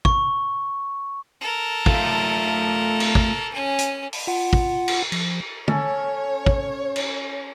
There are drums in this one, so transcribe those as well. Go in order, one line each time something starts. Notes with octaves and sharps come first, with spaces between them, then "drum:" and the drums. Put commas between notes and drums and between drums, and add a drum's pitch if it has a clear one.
C#6, drum: kick
A4 A#4
A3 F4, drum: kick
drum: cymbal
drum: kick
C#4 G#5
drum: hi-hat
drum: open hi-hat
F4 F#5
drum: kick
drum: cymbal
F3, drum: cymbal
C#4 A4 C#5, drum: tom
drum: kick
drum: cymbal